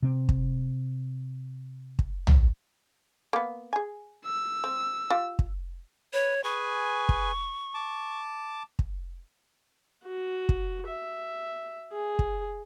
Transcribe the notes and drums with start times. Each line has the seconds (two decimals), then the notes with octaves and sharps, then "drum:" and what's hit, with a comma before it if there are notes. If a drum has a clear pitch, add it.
0.03 C3 C4
0.29 drum: kick
1.99 drum: kick
2.27 drum: tom
3.33 A#3 B3
3.73 G#4 G#5
4.25 E6
4.64 C4
5.10 F4 G4
5.39 drum: kick
6.13 B4 C#5
6.44 G#4 B4 G#5 C#6
7.09 drum: kick
7.74 A5 D6
8.79 drum: kick
10.04 F#4
10.49 drum: kick
10.87 E5
11.92 G#4
12.19 drum: kick